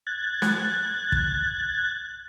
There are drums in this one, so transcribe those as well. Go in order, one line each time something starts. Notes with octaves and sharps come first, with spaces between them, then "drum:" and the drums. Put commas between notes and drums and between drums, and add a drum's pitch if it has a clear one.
F#6 G#6 A6
drum: snare
drum: kick